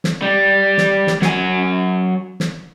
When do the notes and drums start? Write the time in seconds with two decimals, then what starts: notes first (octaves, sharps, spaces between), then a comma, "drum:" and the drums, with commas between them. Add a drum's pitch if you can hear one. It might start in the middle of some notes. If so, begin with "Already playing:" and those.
0.04 drum: snare
0.22 G3
0.78 drum: snare
1.07 drum: snare
1.22 F#3 G#5, drum: snare
2.40 drum: snare